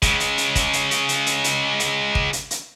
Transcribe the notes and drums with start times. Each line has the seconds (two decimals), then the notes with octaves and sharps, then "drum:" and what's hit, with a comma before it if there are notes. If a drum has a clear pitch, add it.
0.02 C#3 G#3, drum: kick, hi-hat
0.20 drum: hi-hat
0.38 drum: hi-hat
0.55 drum: kick, hi-hat
0.73 drum: hi-hat
0.91 drum: hi-hat
1.09 drum: hi-hat
1.26 drum: hi-hat
1.44 drum: hi-hat
1.80 drum: hi-hat
2.15 drum: kick
2.33 drum: hi-hat
2.51 drum: hi-hat